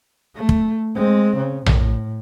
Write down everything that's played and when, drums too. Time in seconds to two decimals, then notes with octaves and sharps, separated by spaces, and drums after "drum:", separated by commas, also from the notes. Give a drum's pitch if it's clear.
0.36 A3
0.49 drum: kick
0.95 G#3 C4
1.37 C#3
1.66 A2, drum: tom A#1